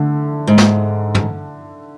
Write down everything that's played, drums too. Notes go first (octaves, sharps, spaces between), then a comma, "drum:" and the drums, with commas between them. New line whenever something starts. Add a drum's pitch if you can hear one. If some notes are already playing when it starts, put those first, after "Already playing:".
Already playing: D3 A3
G#2
drum: snare
drum: tom